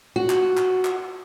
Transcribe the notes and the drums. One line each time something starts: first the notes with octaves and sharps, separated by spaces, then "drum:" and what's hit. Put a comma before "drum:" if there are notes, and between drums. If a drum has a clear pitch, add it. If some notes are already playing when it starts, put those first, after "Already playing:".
F#4
drum: clap
drum: clap
drum: clap